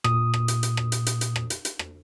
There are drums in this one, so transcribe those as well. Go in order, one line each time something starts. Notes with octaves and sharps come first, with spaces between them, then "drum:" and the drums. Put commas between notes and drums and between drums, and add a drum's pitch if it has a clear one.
A#2 D#6, drum: rim click
drum: rim click
drum: hi-hat
drum: hi-hat
drum: rim click
drum: hi-hat
drum: hi-hat
drum: hi-hat
drum: rim click
drum: hi-hat
drum: hi-hat
drum: rim click